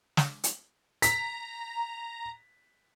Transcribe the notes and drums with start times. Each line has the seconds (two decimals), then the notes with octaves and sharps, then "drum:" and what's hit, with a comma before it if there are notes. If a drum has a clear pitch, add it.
0.17 drum: snare
0.44 drum: hi-hat
1.02 A#5 B6, drum: hi-hat